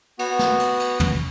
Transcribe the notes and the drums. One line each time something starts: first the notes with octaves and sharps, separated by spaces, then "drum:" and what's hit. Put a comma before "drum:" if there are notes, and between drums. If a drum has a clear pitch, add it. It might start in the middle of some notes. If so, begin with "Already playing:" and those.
B3 F#4, drum: cymbal
drum: snare
drum: cymbal
drum: cymbal
drum: tom